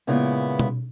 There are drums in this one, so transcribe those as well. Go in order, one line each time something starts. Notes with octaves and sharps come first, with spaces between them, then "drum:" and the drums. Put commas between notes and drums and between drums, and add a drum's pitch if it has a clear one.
A#2 C#3 G#3 B3 E4
drum: tom B2